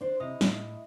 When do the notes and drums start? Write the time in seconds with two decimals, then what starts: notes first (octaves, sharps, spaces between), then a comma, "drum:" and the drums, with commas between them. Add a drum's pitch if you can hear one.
0.01 D4 C5
0.20 C3 E4 D#5 D#6
0.41 A2, drum: snare